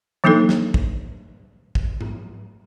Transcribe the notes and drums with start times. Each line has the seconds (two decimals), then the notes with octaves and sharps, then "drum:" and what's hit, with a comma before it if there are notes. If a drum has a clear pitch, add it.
0.24 E3 F#3 A#3 D4 D#4 A4
0.49 drum: snare
0.74 drum: kick
1.75 drum: kick
2.01 drum: tom G#2